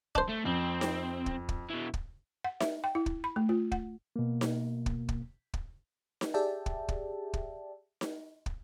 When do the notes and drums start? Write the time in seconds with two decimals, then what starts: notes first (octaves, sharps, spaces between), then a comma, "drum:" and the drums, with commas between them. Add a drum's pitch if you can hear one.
0.15 D4 C5, drum: kick
0.29 A3
0.45 F2 C4
0.81 drum: snare D#4
1.26 drum: kick
1.49 drum: kick
1.70 B2 E3
1.94 drum: kick
2.45 F#5
2.60 E5, drum: snare D#4
2.84 G5
2.95 E4
3.06 drum: kick
3.24 B5
3.36 A3
3.49 F4
3.72 F#5, drum: kick
4.16 B2 A#3
4.41 drum: snare D#4
4.86 drum: kick
5.09 drum: kick
5.54 drum: kick
6.21 drum: snare D#4
6.34 G4 G#4 D5 E5 G5 A5
6.66 drum: kick
6.89 drum: kick
7.34 drum: kick
8.01 drum: snare D#4
8.46 drum: kick